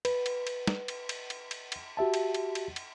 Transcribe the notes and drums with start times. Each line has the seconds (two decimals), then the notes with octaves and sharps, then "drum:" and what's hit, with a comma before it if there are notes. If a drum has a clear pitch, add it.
0.05 B4, drum: cymbal
0.26 drum: cymbal
0.47 drum: cymbal
0.67 drum: snare
0.88 drum: cymbal
1.09 drum: cymbal
1.30 drum: cymbal
1.51 drum: cymbal
1.72 drum: cymbal
1.97 F#4 G4 E5 A5
2.14 drum: cymbal
2.34 drum: cymbal
2.55 drum: cymbal
2.76 drum: cymbal